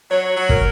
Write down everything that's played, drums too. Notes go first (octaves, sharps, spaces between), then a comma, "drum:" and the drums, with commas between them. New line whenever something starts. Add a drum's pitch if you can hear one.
F#3 C#5
F#3
A#4, drum: kick